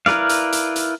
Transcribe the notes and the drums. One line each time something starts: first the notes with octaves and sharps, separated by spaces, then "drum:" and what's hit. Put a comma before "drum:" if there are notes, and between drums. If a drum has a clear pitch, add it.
E4 A#4 B4 D5 F5, drum: snare
drum: hi-hat
drum: hi-hat
drum: hi-hat